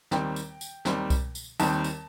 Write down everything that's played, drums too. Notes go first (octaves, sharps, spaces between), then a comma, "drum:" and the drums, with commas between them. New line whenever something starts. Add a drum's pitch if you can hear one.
D#2 D#3 G3 C4 G5, drum: snare
drum: tambourine
drum: tambourine
D#2 D#3 G3 C4, drum: snare
drum: kick C2, tambourine
drum: tambourine
D#2 D#3 G3 C4 A5, drum: tambourine
drum: tambourine